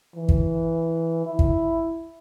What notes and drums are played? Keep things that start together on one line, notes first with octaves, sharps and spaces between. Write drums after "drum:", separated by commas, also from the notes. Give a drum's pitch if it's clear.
E3
drum: kick
E4
drum: kick